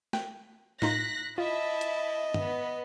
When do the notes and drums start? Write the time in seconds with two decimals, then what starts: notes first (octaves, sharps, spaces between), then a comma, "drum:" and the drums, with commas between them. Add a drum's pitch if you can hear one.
0.13 G5 F#6, drum: snare
0.82 A2 D#4 F4 F#6 A#6 B6, drum: snare
1.38 E4 F4 D#5 E5 A5
1.81 drum: hi-hat
2.34 B3, drum: tom G2